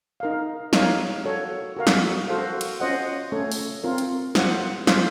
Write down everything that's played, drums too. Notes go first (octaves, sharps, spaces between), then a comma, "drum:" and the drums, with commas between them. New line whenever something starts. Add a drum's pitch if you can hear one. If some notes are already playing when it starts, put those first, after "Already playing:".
D#4 A#4 F5
D#4 A#4 C#5 F5, drum: snare
F#4 A4 C#5
F#4 A#4 F5
drum: snare
F#4 A4 C5 F5
drum: cymbal
C#4 F4 C5 D#5 F#5
A3 C#4 A4 C#5
drum: open hi-hat
C4 F4 A#4
drum: hi-hat
F4 C5 F#5, drum: snare
F4 C5 F5, drum: snare